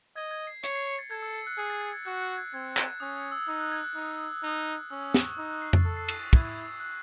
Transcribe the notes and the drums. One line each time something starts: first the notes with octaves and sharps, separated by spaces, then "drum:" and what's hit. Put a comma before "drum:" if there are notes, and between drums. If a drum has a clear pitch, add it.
D#5 G#6
G#6
C7
C#5 C#7, drum: hi-hat
C7
C#7
A6
A4 G#6
E6
E6
F#6
G#4
A6
G#6
G#6
F#4 F#6
F#6
G#6
C4 G#6
G#6, drum: clap
C#4 D#6
D#6
E6
D#4 E6
F#6
G#6
F#6
D#4
D#4
C#4 E6
D#6
C#6, drum: snare
E6
D#4 E6
F#6
C7
A6, drum: tom F2
A4 E6
C7
C7, drum: cymbal
A6
E4 G#6, drum: kick
E6
E6
F#6